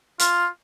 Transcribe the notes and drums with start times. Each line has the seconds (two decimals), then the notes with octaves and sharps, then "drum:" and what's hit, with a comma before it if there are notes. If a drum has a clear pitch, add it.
0.19 F4, drum: hi-hat